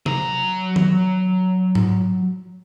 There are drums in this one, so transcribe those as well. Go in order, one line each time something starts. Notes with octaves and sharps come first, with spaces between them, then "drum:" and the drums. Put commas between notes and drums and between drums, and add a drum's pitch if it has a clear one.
F#3 A#5, drum: tom C3
drum: tom D#3
drum: tom G#2